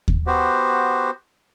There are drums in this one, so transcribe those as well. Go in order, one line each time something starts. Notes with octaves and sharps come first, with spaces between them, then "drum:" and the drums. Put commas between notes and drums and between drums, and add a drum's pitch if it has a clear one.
drum: kick D#2
B3 F#4 G4 C5